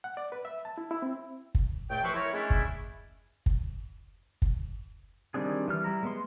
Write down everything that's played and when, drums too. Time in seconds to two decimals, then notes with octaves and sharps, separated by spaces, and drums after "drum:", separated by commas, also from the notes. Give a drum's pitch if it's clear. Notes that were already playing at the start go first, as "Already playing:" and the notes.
0.04 F#5
0.17 D5
0.32 B4
0.45 E5
0.65 A5
0.78 E4
0.91 E4
1.02 C4
1.55 drum: kick
1.89 C#2 A#2 A3 G5
2.02 C2 F3 B4 C5 E5 C#6
2.14 E4 A#4 C#5
2.33 G#3 A3 C#4 D4 E4
2.50 drum: kick
3.46 drum: kick
4.42 drum: kick
5.34 D#3 G3 C4 D4 G#4
5.68 E3 G3 F6
5.84 G3 E4 A#5
6.03 G#3 B3 C6